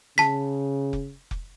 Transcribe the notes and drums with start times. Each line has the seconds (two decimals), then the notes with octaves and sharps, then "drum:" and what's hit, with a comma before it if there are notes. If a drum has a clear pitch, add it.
0.18 C#3 A5 B6, drum: snare
0.93 drum: kick F1
1.31 drum: kick F1